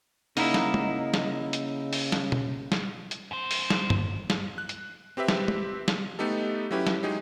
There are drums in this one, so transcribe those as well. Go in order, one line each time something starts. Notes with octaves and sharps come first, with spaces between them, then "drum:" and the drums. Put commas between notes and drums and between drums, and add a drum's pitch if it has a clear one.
C#3 A#3 D#4 E4 D#5 F#5, drum: open hi-hat
drum: snare
drum: tom
drum: snare
drum: hi-hat
drum: open hi-hat
drum: snare
drum: tom
drum: snare
drum: hi-hat
F#2 C5
drum: open hi-hat
drum: snare
drum: tom
drum: snare
F#6
drum: hi-hat
C4 G4 B4 E5
drum: snare
drum: tom
drum: snare
A3 B3 D#4 G4 A4
F#3 C#4 E4 G4 B4
drum: snare
F#3 G#3 D#4 G4 G#4